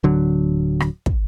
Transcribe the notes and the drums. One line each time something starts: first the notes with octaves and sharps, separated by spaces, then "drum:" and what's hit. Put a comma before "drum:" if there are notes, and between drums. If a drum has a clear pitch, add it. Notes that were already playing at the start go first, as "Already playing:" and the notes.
D1 D3 F#3
drum: rim click
drum: kick